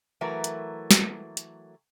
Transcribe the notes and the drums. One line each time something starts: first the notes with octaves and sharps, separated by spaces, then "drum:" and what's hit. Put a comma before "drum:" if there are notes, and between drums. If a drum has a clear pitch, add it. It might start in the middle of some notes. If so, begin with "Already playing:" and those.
E3 F#3 A3 A#4 B4
drum: hi-hat
drum: snare
drum: hi-hat